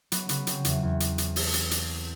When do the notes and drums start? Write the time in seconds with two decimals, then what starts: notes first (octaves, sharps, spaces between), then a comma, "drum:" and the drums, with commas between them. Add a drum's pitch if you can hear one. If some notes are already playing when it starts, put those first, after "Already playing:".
0.12 F#3 B3, drum: hi-hat
0.29 C#3 B3, drum: hi-hat
0.47 F#3 C4, drum: hi-hat
0.65 E2, drum: hi-hat
0.83 E2
1.00 drum: hi-hat
1.18 drum: hi-hat
1.36 drum: open hi-hat
1.54 drum: hi-hat
1.71 drum: hi-hat